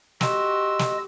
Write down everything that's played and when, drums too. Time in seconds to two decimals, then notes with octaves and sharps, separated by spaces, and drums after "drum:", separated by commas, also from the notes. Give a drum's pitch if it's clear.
0.21 F#4 G4 D#5 C6 E6, drum: snare
0.79 drum: snare